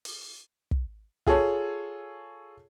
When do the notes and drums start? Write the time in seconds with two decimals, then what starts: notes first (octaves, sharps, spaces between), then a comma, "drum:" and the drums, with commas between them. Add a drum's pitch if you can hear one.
0.05 drum: open hi-hat
0.71 drum: kick
1.27 F4 G#4 A4 C#5, drum: kick